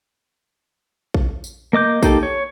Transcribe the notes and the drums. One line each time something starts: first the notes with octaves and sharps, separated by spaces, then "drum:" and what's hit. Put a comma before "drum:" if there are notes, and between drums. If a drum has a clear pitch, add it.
drum: kick
drum: tambourine
A#3 D#5 D6 G6
A#3 D#4 G4 A4, drum: kick, tambourine
C#5